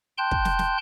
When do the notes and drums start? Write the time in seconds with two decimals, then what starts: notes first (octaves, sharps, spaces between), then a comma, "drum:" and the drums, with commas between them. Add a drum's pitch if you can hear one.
0.18 G5 A5 C6 F#6 G6
0.31 drum: kick
0.45 drum: snare
0.59 drum: snare